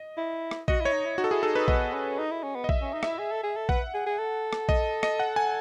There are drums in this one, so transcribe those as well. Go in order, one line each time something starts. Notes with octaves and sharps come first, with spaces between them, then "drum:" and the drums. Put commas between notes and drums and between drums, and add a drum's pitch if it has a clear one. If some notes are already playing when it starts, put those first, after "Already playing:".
Already playing: D#5
E4
drum: rim click
F#4 D#5, drum: kick
E4 C#5
D#4
E4
D#4 F#4
A4
E4 G#4
D#4 A4
D#4 B4
B3 D#5, drum: kick
C#4
D#4
E4
C#4
B3
D#5
E5, drum: kick
C#4
D#4
E4 E5, drum: rim click
G#4
A4
G#4
A4
B4 F#5, drum: kick
G#4
G#4
A4
drum: rim click
D#5, drum: kick
D#5, drum: rim click
F#5
G#5